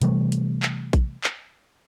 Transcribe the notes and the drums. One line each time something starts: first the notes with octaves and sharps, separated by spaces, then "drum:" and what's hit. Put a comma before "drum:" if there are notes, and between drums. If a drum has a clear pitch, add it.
C3 E3 G3 A3, drum: hi-hat
drum: hi-hat
drum: clap
drum: kick A#1, hi-hat
drum: clap